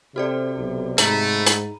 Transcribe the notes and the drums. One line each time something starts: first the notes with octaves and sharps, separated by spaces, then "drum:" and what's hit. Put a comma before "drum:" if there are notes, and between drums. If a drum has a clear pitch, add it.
C3 C4 F#4 A4 D5
B1
G#2 A3 A#5 B5 D#7, drum: hi-hat
drum: hi-hat